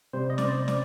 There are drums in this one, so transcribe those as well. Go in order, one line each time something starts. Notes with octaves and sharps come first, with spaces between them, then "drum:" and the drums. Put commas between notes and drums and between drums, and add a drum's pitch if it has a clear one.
C3 G3 C4 C5
D#5
D5, drum: snare
C5
D5, drum: snare